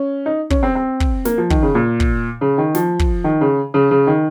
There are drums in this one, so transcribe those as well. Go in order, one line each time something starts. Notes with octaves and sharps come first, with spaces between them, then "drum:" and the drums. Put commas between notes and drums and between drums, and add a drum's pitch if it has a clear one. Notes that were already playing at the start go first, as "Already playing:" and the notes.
Already playing: C#4
D#4
C#4, drum: kick
C4
C4
drum: kick
A#3, drum: snare
F3
D#3, drum: kick
C#3
A#2
drum: kick
C#3
D#3
F3, drum: snare
drum: kick
D#3
C#3
C#3
C#3
D#3